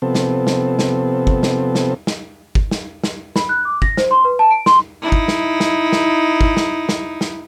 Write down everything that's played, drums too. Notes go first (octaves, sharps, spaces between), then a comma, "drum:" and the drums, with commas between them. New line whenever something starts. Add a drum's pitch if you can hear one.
C3 F3 B3 C4 A4
drum: snare
drum: snare
drum: snare
drum: kick
drum: snare
drum: snare
drum: snare
drum: kick
drum: snare
drum: snare
B5, drum: snare
F#6
D6
A#6, drum: kick
C5, drum: snare
C6
B4
A5
D7
C6, drum: snare
D#4 E4
drum: kick
drum: snare
drum: snare
drum: snare
drum: kick
drum: snare
drum: snare
drum: snare